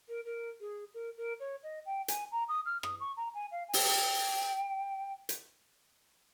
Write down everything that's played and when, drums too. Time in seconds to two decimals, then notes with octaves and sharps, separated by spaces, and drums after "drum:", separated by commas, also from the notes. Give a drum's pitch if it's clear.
0.09 A#4
0.25 A#4
0.61 G#4
0.94 A#4
1.18 A#4
1.40 C#5
1.63 D#5
1.86 G5
2.08 G#5, drum: hi-hat
2.32 A#5
2.49 D#6
2.66 F6
2.83 D#6, drum: rim click
3.00 C#6
3.17 A#5
3.34 G#5
3.52 F5
3.68 G#5
3.73 G5, drum: open hi-hat
5.29 drum: hi-hat